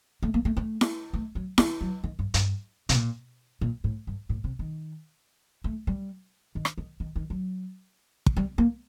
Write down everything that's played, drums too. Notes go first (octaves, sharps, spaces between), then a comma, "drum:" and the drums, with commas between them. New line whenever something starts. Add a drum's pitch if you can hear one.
A3
A#3
A3
A3
drum: snare E4
A3
F#3
D#3, drum: snare E4
F#3
D#3
G2
G2, drum: hi-hat
C3, drum: hi-hat
A#2
A#2
A2
G2
A2
C3
D#3
A3
G3
D#3
drum: rim click
D#3
D#3
D#3
F#3
drum: kick
G3
A#3